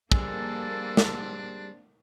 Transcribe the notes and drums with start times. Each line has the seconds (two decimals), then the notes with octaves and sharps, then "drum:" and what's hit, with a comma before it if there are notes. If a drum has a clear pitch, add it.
0.12 G3 A#3 C4 D4 G#4 A4, drum: kick
0.97 drum: snare